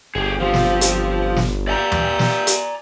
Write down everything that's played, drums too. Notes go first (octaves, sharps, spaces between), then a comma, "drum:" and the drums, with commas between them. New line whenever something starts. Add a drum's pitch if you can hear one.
G1 G4 G#4
F3 C4 G4
drum: snare
drum: hi-hat
drum: snare
G4 D5 E5 G#5 A#5 G6
drum: tom
drum: snare
drum: hi-hat